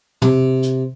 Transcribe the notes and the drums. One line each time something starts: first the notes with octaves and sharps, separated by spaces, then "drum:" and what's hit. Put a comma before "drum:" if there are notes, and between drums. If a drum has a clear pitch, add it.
C3, drum: tom
drum: hi-hat